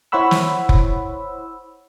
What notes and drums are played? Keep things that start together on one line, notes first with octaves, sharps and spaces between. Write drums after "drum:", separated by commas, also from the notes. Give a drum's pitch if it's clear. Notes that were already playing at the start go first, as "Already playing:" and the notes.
E4 C5 C#5 F#5 B5 E6
drum: snare
drum: kick F1